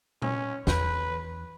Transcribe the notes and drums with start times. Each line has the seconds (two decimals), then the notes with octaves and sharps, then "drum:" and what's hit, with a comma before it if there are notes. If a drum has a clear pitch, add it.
0.22 C#4, drum: tom A#2
0.67 E2 B4, drum: snare